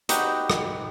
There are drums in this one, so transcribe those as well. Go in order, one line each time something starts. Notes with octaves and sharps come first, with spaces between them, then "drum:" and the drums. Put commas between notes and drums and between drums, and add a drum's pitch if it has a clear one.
D#4 F#4 G4 B4, drum: hi-hat
drum: rim click